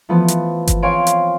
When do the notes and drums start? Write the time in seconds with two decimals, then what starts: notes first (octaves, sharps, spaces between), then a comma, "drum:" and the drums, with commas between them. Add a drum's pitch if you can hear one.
0.09 E3 F3 A3 B3
0.28 drum: hi-hat
0.67 drum: kick G1, hi-hat
0.83 C4 C#5 F5 G#5 C6 D7
1.07 drum: hi-hat